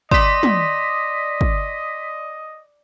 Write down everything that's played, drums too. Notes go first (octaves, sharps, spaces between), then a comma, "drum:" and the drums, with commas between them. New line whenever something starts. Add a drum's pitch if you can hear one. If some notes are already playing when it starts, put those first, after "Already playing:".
D5 D#5 C6 D6 D#6 B6, drum: kick
drum: tom
drum: kick